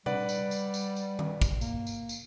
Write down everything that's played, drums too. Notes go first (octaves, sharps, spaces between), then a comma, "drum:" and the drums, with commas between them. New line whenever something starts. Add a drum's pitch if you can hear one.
G3 B4 D5 F#5, drum: tom C3
drum: tambourine
drum: tambourine
drum: tambourine
drum: tambourine
drum: tom D#3
drum: kick, tambourine
A#3, drum: tambourine
drum: tambourine
drum: tambourine